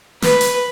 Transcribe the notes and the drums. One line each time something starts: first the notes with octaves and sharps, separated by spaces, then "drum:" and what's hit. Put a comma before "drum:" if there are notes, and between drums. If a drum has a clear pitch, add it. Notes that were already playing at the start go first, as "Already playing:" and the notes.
B4, drum: snare
drum: hi-hat